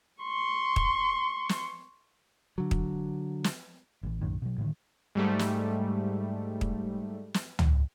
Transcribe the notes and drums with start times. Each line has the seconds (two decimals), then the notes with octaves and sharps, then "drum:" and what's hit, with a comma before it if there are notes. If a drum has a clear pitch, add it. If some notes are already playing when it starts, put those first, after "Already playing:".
0.23 C6 C#6
0.76 drum: kick
1.49 drum: snare
2.58 D3 F#3
2.71 drum: kick
3.44 drum: snare
4.03 A1 E3
4.22 B1 F#2 A2 D#3
4.42 B2 F#3
4.58 A2 D3 D#3
5.15 G#2 G3 A3
5.39 drum: snare
6.61 drum: kick
7.34 drum: snare
7.59 drum: tom